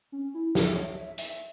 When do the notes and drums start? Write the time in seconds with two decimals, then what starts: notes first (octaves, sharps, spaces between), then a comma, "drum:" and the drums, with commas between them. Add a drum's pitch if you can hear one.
0.12 C#4
0.34 E4
0.55 E4, drum: snare
0.66 E5
0.76 C#5
0.96 E5
1.18 E5, drum: hi-hat